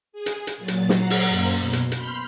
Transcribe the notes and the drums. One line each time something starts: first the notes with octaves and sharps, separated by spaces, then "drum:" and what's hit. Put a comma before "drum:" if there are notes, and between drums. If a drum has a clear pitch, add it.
G#4
drum: hi-hat
drum: hi-hat
A#2 F#3 A6
drum: hi-hat
F#3 F#5 A#5 C7, drum: snare
drum: open hi-hat
F#2 A#3 C5 A#5
B2
drum: hi-hat
B5 C6 F6 G6, drum: hi-hat